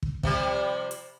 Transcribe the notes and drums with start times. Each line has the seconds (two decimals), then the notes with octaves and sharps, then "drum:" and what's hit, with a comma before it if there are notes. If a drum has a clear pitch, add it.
0.03 drum: kick
0.23 C3 F3 G3, drum: kick
0.91 drum: hi-hat